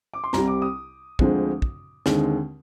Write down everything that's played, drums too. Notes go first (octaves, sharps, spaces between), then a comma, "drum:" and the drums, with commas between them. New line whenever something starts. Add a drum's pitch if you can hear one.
D6
C6
C2 C3 G3 A#5, drum: snare
D6
D#6
D2 D3 F3 G#3 C4, drum: kick
drum: kick
D#2 D3 G#3 C4, drum: snare